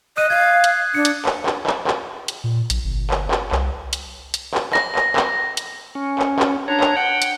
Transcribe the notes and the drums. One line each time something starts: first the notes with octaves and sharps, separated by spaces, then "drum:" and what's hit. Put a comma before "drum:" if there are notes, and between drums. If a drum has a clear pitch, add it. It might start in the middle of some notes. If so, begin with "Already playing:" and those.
D#5 D#6 F#6 D#7
F5 G#6
drum: hi-hat
D4 C#7
drum: hi-hat
drum: clap
drum: clap
drum: clap
drum: clap
drum: hi-hat
A#2
A#1, drum: hi-hat
G1
drum: clap
drum: clap
C2, drum: clap
drum: hi-hat
drum: hi-hat
drum: clap
A#6, drum: clap
drum: clap
drum: clap
drum: hi-hat
C#4
drum: clap
drum: clap
D4 C#5 A#5
drum: clap
F#5 G5
drum: hi-hat